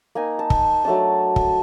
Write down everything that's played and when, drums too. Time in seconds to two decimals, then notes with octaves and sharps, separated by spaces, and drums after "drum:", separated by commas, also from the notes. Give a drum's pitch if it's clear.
0.15 A#3 D#4 G#5
0.39 A5
0.50 drum: kick
0.84 F#3 A3 D4 A5
1.36 drum: kick